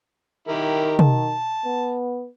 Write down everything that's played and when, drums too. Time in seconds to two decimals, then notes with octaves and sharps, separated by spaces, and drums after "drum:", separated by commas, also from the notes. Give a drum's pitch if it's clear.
0.48 D#3 E4 G4 A#4
0.99 A5, drum: tom
1.65 B3